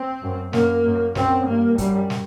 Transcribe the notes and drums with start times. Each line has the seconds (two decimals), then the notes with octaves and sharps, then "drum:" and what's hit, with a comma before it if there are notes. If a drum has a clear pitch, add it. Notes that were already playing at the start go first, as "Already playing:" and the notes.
Already playing: C4
0.22 F#2
0.53 F#2 A#3, drum: snare
0.85 F#2
1.15 F#2 C4, drum: snare
1.47 G2 A#3
1.78 F#2 G3, drum: kick, hi-hat
2.10 drum: snare